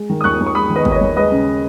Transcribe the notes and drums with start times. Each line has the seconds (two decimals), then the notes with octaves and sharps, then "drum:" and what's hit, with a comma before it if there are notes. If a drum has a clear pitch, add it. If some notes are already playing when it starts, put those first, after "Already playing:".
Already playing: G#3
0.10 D#3
0.21 D#6
0.24 D#2 C#6 F#6
0.40 D#2
0.47 C#6
0.55 G#3 B5 D#6
0.70 D#3
0.76 B4 D#5
0.85 D#2, drum: kick
0.92 D#5
0.96 C#5
1.01 D#2
1.16 G#3 B4 D#5
1.32 C#3